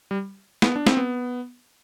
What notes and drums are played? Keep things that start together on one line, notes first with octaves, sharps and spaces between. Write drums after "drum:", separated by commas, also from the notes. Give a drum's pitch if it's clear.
G3
B3, drum: snare
D4
C4, drum: snare
B3